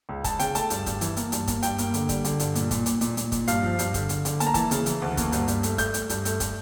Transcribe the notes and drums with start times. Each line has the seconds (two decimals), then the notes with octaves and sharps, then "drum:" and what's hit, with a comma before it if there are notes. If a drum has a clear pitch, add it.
0.09 C#2
0.24 C#2 A5, drum: kick, hi-hat
0.39 C#3 G5, drum: hi-hat
0.55 A3 A5, drum: hi-hat
0.70 G2, drum: hi-hat
0.86 G2, drum: kick, hi-hat
1.01 E3, drum: hi-hat
1.17 A#3, drum: hi-hat
1.32 G2, drum: hi-hat
1.47 A#3, drum: kick, hi-hat
1.63 G2 G5, drum: hi-hat
1.78 A#3, drum: hi-hat
1.94 D3, drum: hi-hat
2.09 G3, drum: kick, hi-hat
2.25 D3, drum: hi-hat
2.40 G2, drum: hi-hat
2.55 A#2, drum: hi-hat
2.71 A#2, drum: kick, hi-hat
2.86 A#2, drum: hi-hat
3.01 A#2, drum: hi-hat
3.17 A#2, drum: hi-hat
3.32 A#2, drum: kick, hi-hat
3.48 G2 F5, drum: hi-hat
3.63 F3
3.79 G2, drum: hi-hat
3.94 D3, drum: kick, hi-hat
4.09 D3, drum: hi-hat
4.25 D3, drum: hi-hat
4.40 A#3 A5, drum: hi-hat
4.47 A#5
4.54 E3 A5, drum: kick, hi-hat
4.71 C#3, drum: hi-hat
4.86 E3, drum: hi-hat
5.02 D2
5.17 A#3, drum: kick, hi-hat
5.32 G2, drum: hi-hat
5.48 G2, drum: hi-hat
5.63 A3, drum: hi-hat
5.78 A3 G6, drum: kick, hi-hat
5.94 A3, drum: hi-hat
6.09 G2, drum: hi-hat
6.25 A3, drum: hi-hat
6.40 A3, drum: kick, hi-hat